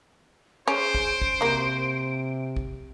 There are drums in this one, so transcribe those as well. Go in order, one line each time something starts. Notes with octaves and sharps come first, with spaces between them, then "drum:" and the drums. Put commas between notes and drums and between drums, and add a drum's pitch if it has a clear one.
C#4 G#4 C5 D7
drum: kick
drum: kick
C3 A#3 F#4
drum: kick